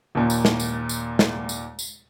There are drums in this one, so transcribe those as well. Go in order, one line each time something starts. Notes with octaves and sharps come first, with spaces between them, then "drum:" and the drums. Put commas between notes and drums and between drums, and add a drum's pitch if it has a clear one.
D#2 A#2
drum: tambourine
drum: snare
drum: tambourine
drum: tambourine
drum: snare
drum: tambourine
drum: tambourine